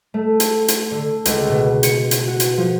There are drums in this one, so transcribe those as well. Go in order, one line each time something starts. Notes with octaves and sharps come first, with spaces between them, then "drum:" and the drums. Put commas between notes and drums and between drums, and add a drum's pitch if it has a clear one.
A3
drum: hi-hat
drum: hi-hat
D3
C#2, drum: hi-hat
B2
C#7, drum: hi-hat
drum: hi-hat
F#4
drum: hi-hat
F3